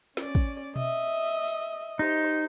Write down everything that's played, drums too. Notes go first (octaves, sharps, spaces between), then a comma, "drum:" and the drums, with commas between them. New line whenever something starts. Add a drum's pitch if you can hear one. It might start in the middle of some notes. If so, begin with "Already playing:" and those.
C#4 D5, drum: snare
drum: kick
D#5 E5, drum: tom B2
drum: tambourine
D#4 G4 C5